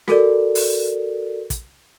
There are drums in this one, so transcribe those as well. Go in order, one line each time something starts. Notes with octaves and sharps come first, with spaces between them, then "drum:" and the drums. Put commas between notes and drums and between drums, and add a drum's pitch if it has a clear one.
F#4 A4 A#4 D5, drum: snare
drum: open hi-hat
drum: kick, hi-hat